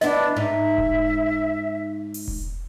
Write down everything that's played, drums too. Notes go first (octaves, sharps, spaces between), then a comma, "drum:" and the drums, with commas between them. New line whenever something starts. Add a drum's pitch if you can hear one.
E3 B3 D4 E4 D#5, drum: snare
G#2 D#4 E5
drum: kick E1
drum: open hi-hat
drum: kick E1